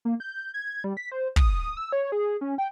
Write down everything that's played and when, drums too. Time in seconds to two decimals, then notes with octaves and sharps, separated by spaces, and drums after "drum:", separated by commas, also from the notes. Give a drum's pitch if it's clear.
0.05 A#3
0.20 G6
0.54 G#6
0.84 G3
0.97 B6
1.12 C5
1.36 D#6, drum: kick
1.77 E6
1.92 C#5
2.12 G#4
2.41 C#4
2.58 G5